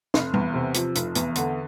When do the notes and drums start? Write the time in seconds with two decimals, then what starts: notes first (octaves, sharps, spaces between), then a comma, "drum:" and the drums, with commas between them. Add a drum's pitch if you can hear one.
0.14 F1, drum: snare
0.34 E2, drum: tom G3
0.54 C3
0.74 F3, drum: hi-hat
0.95 F1, drum: hi-hat
1.15 E2, drum: hi-hat
1.35 D3, drum: hi-hat